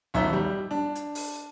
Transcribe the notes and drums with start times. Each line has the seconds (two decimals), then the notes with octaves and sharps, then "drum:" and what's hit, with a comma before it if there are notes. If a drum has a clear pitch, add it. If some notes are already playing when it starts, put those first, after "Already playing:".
0.14 D#1 B1 D#4 E5
0.33 G3
0.71 D4
0.95 drum: hi-hat
1.15 drum: open hi-hat